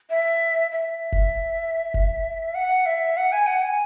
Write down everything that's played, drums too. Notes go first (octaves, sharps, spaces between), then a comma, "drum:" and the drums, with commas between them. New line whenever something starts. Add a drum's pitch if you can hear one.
E5
E5
drum: kick F1
drum: kick F1
F#5
E5
F#5
G#5
F#5
G#5